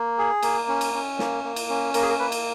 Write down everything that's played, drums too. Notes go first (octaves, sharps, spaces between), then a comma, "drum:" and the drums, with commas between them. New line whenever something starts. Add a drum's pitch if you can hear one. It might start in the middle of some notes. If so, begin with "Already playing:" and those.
Already playing: A#3
G#4
A#3, drum: cymbal
C#4
drum: cymbal
C#4
A#3, drum: snare
A#3
drum: cymbal
C#4
A#3 A#4, drum: cymbal
G#4
A#4
A#3 B4
drum: cymbal